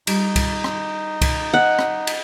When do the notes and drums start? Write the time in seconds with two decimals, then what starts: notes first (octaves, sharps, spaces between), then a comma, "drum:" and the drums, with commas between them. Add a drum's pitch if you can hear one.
0.07 G3 D#4, drum: cymbal
0.36 drum: kick C2, cymbal
0.64 drum: rim click
1.21 drum: kick C2, cymbal
1.54 D#5 F#5
1.79 drum: rim click
2.07 drum: cymbal